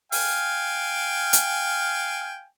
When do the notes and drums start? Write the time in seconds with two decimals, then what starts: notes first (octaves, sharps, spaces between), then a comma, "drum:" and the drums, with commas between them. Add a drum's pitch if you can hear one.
0.12 F5 G5 G#5, drum: open hi-hat
1.33 drum: hi-hat